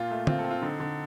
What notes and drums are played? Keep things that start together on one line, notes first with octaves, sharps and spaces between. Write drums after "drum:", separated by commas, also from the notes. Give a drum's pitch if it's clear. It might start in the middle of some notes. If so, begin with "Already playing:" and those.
Already playing: A#2 F4
A3
C4 F4, drum: tom
A4
C4
F4
D3 D#4
D3